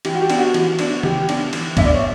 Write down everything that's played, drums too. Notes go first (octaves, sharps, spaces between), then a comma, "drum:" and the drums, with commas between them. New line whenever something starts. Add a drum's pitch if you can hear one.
E3 G4, drum: cymbal
F#4
G4
B3 D4, drum: cymbal
F#4
E3, drum: cymbal
B3 D4, drum: cymbal
E3 G4, drum: tom
B3 D4, drum: cymbal
E3, drum: cymbal
B3 D4 E5, drum: kick, cymbal
D5
C#5